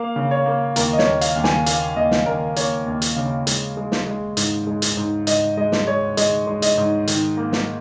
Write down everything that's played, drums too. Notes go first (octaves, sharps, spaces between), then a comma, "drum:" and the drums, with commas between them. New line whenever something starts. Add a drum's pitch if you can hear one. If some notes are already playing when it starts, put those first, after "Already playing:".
Already playing: A#3 F5
C#3
C#5
A#3
D#2 A#4, drum: hi-hat
D#5
C#5, drum: snare
D#2
F5, drum: hi-hat
D#2
G#5, drum: snare
A#3 F5, drum: hi-hat
D#2 D#5
drum: snare
D#2 A#4
A#3 C#5, drum: hi-hat
D#2
drum: hi-hat
C#3
G#3, drum: hi-hat
G#3
drum: snare
G#3
G#2, drum: hi-hat
G#3
drum: hi-hat
G#2
G#2 D#5, drum: hi-hat
G#3 D#5
drum: snare
G#3 C#5
G#3 D#5, drum: hi-hat
G#3
D#5, drum: hi-hat
G#2
D#3, drum: hi-hat
A#3
drum: snare